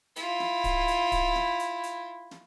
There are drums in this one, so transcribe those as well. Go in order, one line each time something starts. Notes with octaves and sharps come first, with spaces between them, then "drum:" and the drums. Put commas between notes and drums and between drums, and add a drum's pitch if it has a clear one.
E4 F4, drum: hi-hat
drum: snare
drum: kick D1, hi-hat
drum: hi-hat
drum: kick D1, hi-hat
drum: snare
drum: hi-hat
drum: hi-hat
drum: snare